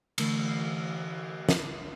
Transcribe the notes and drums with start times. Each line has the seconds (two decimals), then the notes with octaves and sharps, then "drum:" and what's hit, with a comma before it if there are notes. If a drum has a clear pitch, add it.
0.18 D3 E3 A3 A#4 C#6, drum: cymbal
1.49 drum: snare